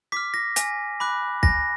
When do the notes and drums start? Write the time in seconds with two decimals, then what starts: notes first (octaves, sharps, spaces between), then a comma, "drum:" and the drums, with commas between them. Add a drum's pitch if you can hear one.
0.12 D6 F6 B6
0.34 A#6
0.56 G#5 A#6, drum: hi-hat
1.00 B5 D6 F#6
1.43 G#5 A#6, drum: kick